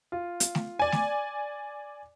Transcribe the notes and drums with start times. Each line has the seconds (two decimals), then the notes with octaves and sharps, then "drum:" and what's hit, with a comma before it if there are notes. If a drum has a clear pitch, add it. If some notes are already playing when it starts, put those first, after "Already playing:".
0.12 F4
0.40 drum: hi-hat
0.55 drum: snare A3
0.79 D5 G#5
0.92 drum: snare A3